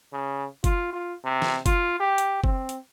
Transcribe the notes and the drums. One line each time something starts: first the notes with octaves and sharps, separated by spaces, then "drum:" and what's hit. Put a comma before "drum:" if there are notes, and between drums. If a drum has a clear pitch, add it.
C#3
F4, drum: kick F#1, hi-hat
F4
C3
drum: snare
F4, drum: kick F#1, hi-hat
G4
drum: hi-hat
C4, drum: kick F#1
drum: hi-hat